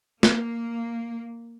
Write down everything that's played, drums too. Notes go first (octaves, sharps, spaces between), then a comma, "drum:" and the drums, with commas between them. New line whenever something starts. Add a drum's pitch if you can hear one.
A#3, drum: snare